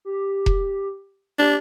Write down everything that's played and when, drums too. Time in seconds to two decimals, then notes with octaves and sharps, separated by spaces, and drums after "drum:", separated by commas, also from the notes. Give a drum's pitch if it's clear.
0.05 G4
0.46 drum: kick E1
1.39 D4 G4